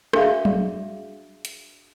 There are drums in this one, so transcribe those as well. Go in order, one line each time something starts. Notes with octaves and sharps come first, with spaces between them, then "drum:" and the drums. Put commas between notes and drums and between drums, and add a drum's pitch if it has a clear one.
D4 F#4 G#4 E5 F5, drum: rim click
drum: tom F#3
drum: hi-hat